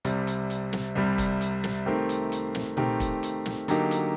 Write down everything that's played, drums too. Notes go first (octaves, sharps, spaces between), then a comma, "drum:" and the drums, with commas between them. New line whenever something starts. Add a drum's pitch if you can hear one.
C2 C3 G3, drum: hi-hat
drum: hi-hat
drum: hi-hat
drum: snare
C2 C3 G3
drum: kick, hi-hat
drum: hi-hat
drum: snare
D#3 A3 C4 G4 A#4
drum: hi-hat
drum: hi-hat
drum: snare
D#3 A3 C4 G4 A#4, drum: tom A#2
drum: kick, hi-hat
drum: hi-hat
drum: snare
D3 F#3 A#3 D#4 G4, drum: hi-hat
drum: hi-hat